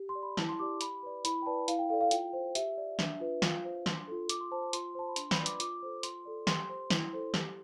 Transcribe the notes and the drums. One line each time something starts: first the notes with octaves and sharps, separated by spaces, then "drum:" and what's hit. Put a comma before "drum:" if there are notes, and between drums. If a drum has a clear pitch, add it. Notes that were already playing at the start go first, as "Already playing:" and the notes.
Already playing: G4
C6
D5
B5
E4 A5, drum: snare
C6
G4 D5 D6
G4 B5, drum: hi-hat
B4 D5
E4 B5, drum: hi-hat
G5
B4 D5 A5
E4 F5, drum: hi-hat
G5
A4 D5 F5
F5
F4 G5, drum: hi-hat
C5
G4 E5, drum: hi-hat
D5
D4, drum: snare
F4 B4
F4 F5, drum: snare
C5
D4 C6, drum: snare
F4 A4
F4 D6, drum: hi-hat
C6
C5 A5
A5
F4 C6, drum: hi-hat
C5 A5
B5
D4 C6, drum: hi-hat
B5, drum: snare
F4 B4 D5
D6, drum: hi-hat
F4 D6, drum: hi-hat
A4 C5
F4 C6, drum: hi-hat
A4 D5
G4 C6, drum: snare
C5
E4, drum: snare
A4 C5
G4, drum: snare